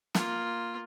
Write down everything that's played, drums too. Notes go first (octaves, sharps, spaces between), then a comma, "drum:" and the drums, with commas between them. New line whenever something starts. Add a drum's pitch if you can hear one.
A#3 F4, drum: snare